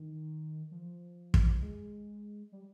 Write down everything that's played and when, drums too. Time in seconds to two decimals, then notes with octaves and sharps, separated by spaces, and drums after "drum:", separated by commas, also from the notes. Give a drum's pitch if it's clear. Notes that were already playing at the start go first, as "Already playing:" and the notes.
Already playing: D#3
0.71 F3
1.34 drum: kick
1.61 G#3
2.52 G3